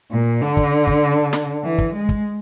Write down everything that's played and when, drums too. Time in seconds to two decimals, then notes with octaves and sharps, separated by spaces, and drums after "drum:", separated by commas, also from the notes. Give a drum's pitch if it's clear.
0.11 A#2
0.42 D3
0.57 drum: kick
0.87 drum: kick
1.33 drum: snare
1.64 E3
1.78 drum: kick
1.94 G#3
2.09 drum: kick